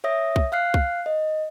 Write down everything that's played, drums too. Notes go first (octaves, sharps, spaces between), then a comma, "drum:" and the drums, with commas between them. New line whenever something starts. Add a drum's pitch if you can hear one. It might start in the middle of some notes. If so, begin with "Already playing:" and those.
C#5 E5 D#6 A#6
drum: kick C2
F5 F6 F#6 C7
drum: kick C2
D#5